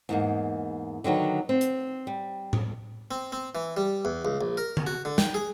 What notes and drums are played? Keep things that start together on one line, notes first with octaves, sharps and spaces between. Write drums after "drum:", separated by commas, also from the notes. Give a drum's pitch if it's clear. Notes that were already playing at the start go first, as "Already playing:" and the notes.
E2 G#2 A#3
D3 D#3 F#3 B3
C4
drum: hi-hat
G3
drum: tom A2
C4
C4
E3
G3
E2
C#2
A#1
A#4
drum: tom D3
F#4
D3
G5, drum: snare
G#4